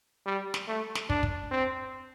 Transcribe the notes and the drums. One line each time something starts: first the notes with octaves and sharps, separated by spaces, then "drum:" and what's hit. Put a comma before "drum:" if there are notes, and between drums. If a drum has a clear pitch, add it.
G3
drum: snare
A3
drum: snare
D4, drum: kick
drum: kick
C4